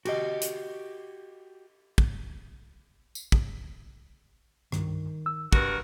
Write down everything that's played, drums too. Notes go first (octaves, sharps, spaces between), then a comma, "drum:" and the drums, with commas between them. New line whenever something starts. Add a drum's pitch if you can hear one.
F#4 G4 D#5, drum: cymbal
drum: hi-hat
drum: kick
drum: tambourine
drum: kick
C2 G2 D#3, drum: rim click
E6
G2 F#4 A#4, drum: kick